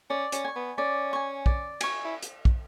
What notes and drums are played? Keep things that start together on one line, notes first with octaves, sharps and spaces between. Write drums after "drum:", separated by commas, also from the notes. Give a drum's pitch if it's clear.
C#4 D5
C#4, drum: hi-hat
G#5 C#6
B3
C#4 D5
G#5 C#6
D5, drum: kick
G#5 C#6, drum: cymbal
E4
drum: hi-hat
drum: kick